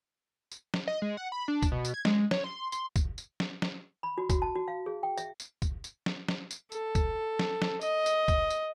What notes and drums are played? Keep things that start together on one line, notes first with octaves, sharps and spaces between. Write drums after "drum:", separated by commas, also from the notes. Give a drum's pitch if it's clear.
drum: tambourine
drum: snare
D#5
G#3
F#5
B5
D4
drum: kick, tambourine
B2
drum: tambourine
G#6
G#3, drum: snare
C#5, drum: snare
C6
C6, drum: tambourine
drum: kick, tambourine
drum: tambourine
drum: snare
drum: snare
B5
F#4
F#4, drum: kick, tambourine
A5
F#4
F5
G#4
G5
E5, drum: tambourine
drum: tambourine
drum: kick, tambourine
drum: tambourine
drum: snare
drum: snare
drum: tambourine
A4, drum: tambourine
drum: kick, tambourine
drum: snare
drum: snare
D#5, drum: tambourine
drum: tambourine
drum: kick, tambourine
drum: tambourine